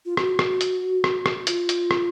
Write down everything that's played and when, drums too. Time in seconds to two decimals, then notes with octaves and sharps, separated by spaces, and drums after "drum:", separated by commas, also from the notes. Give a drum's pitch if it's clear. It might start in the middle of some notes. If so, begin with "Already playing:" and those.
0.06 F4
0.17 F#4, drum: rim click
0.39 drum: rim click
0.61 drum: hi-hat
1.04 drum: rim click
1.26 drum: rim click
1.47 F4, drum: hi-hat
1.69 drum: hi-hat
1.91 drum: rim click